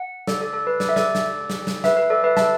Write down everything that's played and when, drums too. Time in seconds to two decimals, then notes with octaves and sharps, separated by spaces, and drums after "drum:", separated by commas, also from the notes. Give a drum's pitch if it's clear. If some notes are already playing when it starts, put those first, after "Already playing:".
Already playing: F#5
0.27 A4 D5, drum: snare
0.40 A4 D5
0.53 A4
0.67 B4
0.80 D5, drum: snare
0.89 E5
0.96 A4 D5, drum: snare
1.15 drum: snare
1.50 drum: snare
1.67 drum: snare
1.84 B4 E5, drum: snare
1.97 B4
2.10 A4 D5
2.24 B4 E5
2.37 E5 A5, drum: snare